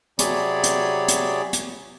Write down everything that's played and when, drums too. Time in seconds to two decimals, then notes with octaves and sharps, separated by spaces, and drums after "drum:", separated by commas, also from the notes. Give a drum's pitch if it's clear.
0.19 C3 F#3 G#4 C#5 D5 B5, drum: hi-hat
0.64 drum: hi-hat
1.08 drum: hi-hat
1.53 drum: hi-hat